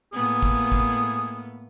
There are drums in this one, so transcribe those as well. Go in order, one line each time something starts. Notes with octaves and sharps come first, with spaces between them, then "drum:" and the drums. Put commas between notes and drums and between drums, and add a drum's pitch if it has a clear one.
A2 A#3 B3 G#4
drum: kick
drum: kick